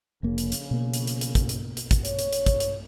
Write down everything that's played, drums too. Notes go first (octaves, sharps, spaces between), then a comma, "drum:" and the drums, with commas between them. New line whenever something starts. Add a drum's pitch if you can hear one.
F1 A#1 C#3 A#3
drum: hi-hat
drum: hi-hat
B2 A#3
drum: hi-hat
drum: hi-hat
drum: hi-hat
drum: kick, hi-hat
drum: hi-hat
drum: hi-hat
drum: kick, hi-hat
C#5, drum: hi-hat
drum: hi-hat
drum: hi-hat
drum: kick, hi-hat
drum: hi-hat